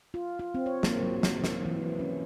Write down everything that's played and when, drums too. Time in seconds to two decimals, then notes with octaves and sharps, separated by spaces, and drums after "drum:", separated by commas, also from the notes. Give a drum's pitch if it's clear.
0.14 F4
0.39 F4
0.55 C4
0.66 C#5
0.83 A#3, drum: snare
1.03 F#3
1.23 drum: snare
1.44 drum: snare
1.65 E3
1.99 C#4